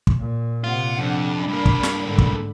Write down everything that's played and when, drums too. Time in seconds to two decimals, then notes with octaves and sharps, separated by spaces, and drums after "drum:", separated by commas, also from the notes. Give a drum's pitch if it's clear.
0.07 drum: kick
0.19 A#2
0.64 C3 F4 F#5
0.99 F2 D4
1.48 G2 A#3 B5
1.66 drum: kick
1.83 drum: snare
2.03 G#2 D3
2.19 drum: kick